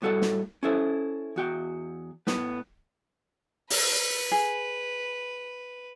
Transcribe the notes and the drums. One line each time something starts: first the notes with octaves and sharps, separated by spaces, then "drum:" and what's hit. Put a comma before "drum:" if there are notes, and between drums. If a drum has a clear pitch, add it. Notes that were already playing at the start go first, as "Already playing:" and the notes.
A2 G3 F#4 A4 C#5 F#5
drum: snare
C#4 E4 A4 C5
E2 F#4 G5
A2 B3 B4, drum: snare
B4, drum: open hi-hat
G#4